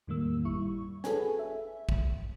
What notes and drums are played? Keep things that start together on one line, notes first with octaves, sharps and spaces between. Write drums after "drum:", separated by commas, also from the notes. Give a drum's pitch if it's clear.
E2 A2 D#3 G3 A#3 E6
G1 G3 E4 C#6
F#4 G#4 A4 B4 C#5 G#5, drum: snare
E5
drum: kick